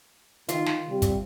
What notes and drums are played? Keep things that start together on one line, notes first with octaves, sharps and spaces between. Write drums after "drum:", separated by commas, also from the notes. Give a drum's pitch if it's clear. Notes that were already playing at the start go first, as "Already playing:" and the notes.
D#3 F4, drum: hi-hat
drum: snare
C3 G3
drum: kick, hi-hat